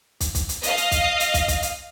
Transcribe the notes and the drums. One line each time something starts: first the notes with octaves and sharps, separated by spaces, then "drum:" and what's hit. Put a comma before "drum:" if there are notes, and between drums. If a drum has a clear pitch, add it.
drum: kick, hi-hat
drum: kick, hi-hat
drum: hi-hat
D#5 F5, drum: hi-hat
drum: hi-hat
drum: kick, hi-hat
drum: hi-hat
drum: kick, hi-hat
drum: kick, hi-hat
drum: hi-hat